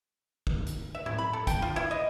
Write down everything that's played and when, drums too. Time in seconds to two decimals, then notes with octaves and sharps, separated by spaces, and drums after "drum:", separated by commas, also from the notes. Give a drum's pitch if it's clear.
0.47 drum: kick
0.67 drum: hi-hat
0.95 E5
1.06 E4, drum: tom A2
1.18 B5
1.33 A4
1.47 G5, drum: kick, hi-hat
1.62 F4
1.76 E4
1.91 D#5